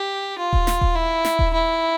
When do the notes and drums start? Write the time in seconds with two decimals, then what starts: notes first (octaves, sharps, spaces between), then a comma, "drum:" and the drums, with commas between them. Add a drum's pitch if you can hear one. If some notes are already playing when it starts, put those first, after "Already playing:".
Already playing: G4
0.38 F4
0.53 drum: kick D#1
0.67 drum: snare
0.81 drum: kick D#1
0.95 E4
1.25 drum: snare
1.39 drum: kick D#1
1.53 E4